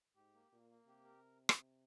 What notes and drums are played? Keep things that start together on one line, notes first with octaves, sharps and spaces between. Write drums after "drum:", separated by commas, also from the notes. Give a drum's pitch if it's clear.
G#2 G4
A#3
A#2 A#3
A#3
C3 G4
A#4
drum: rim click